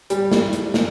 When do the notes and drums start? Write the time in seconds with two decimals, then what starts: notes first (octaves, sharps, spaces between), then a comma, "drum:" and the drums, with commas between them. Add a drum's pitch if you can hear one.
0.10 G3, drum: hi-hat
0.31 drum: snare
0.53 drum: hi-hat
0.74 drum: snare